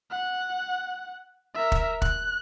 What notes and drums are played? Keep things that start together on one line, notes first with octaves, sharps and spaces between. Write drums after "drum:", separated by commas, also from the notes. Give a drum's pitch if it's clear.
F#5
A#4 E5
drum: kick
F#6, drum: kick